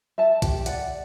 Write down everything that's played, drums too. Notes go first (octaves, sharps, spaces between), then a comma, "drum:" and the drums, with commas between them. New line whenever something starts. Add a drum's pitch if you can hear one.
E5 A5
G4, drum: kick, hi-hat
D5 F#5, drum: hi-hat